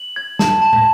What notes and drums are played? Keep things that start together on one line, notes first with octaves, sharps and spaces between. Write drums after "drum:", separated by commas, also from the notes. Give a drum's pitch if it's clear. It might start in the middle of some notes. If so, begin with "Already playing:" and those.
Already playing: F#7
G#6
A5, drum: snare
A5
drum: tom